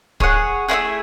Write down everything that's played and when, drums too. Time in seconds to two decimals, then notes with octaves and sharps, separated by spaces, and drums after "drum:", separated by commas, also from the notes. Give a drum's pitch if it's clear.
0.20 G#4 C#5 F#5, drum: kick
0.68 A3 C#4 E4 G#4